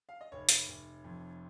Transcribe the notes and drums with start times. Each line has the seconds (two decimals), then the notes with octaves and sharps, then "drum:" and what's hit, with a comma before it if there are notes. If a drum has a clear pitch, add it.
0.09 F5
0.21 D#5
0.32 F1 C#5
0.49 drum: hi-hat
0.68 F1
1.04 F2